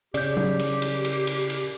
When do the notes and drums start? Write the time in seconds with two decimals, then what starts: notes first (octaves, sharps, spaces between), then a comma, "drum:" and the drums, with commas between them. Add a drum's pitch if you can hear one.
0.14 C#3 G4 D5 G6, drum: cymbal
0.37 drum: tom
0.59 drum: cymbal
0.82 drum: cymbal
1.05 drum: cymbal
1.27 drum: cymbal
1.50 drum: cymbal